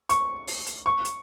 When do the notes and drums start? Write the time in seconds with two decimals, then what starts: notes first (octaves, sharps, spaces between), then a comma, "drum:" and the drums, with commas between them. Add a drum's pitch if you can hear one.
0.09 C#6, drum: hi-hat
0.47 drum: open hi-hat
0.66 drum: hi-hat
0.86 C#6
1.05 drum: hi-hat